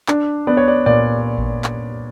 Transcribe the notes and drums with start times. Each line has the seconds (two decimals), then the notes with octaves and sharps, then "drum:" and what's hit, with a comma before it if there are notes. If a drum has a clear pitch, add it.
0.08 D4, drum: clap
0.47 B3 D5
0.57 C#5
0.68 D5
0.86 A#2 D5
1.38 drum: kick A1
1.64 drum: clap